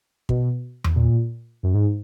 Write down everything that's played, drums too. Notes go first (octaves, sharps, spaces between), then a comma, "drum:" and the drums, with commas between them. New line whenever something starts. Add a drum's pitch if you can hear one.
B2, drum: kick
drum: tom E2
A#2
F#2
G#2